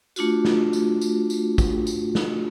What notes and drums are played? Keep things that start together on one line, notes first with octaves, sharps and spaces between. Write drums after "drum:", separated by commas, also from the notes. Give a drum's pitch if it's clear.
A3 D4 F4 F#4, drum: tambourine
drum: snare
drum: tambourine
drum: tambourine
drum: tambourine
drum: kick, tambourine
drum: tambourine
drum: snare